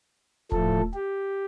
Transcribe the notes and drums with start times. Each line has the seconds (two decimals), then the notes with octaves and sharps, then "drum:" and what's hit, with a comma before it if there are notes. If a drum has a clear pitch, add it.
0.52 A2 F3 A3 A4, drum: kick D#1
0.94 G4